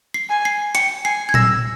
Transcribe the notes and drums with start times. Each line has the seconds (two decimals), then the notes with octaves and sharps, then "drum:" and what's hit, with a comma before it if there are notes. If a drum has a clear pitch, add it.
0.14 C7
0.30 G#5
0.45 C7
0.75 G5 C#7, drum: hi-hat
1.05 G#5 C7
1.29 G#6
1.34 E6 A#6, drum: tom A#2